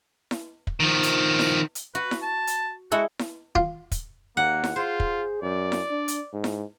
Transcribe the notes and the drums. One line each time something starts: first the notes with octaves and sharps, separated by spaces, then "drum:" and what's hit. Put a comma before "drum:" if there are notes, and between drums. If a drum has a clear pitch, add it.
drum: snare E4
drum: kick
D#3 F3
drum: hi-hat
drum: snare E4
drum: hi-hat
F#4 B4
drum: snare E4
A5
drum: hi-hat
G#3 E4 F#4 A4
drum: snare E4
F4, drum: kick
drum: kick, hi-hat
D#2 A#3 F#5
drum: snare E4
F4 G#4 C5
drum: kick
F#2 D5
drum: snare E4
D4
drum: hi-hat
G#2
drum: snare E4